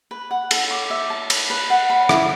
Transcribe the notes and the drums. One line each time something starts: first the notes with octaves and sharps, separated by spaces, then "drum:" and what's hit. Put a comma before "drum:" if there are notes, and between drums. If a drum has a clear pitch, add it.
B4
F#5
A4, drum: cymbal
D6
E5
A5
B4, drum: cymbal
B4
F#5
B5
E4, drum: rim click